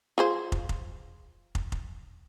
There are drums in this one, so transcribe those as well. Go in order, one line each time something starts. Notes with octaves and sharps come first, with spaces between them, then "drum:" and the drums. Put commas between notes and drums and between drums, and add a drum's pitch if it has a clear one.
F4 G#4 C5
drum: kick
drum: kick
drum: kick
drum: kick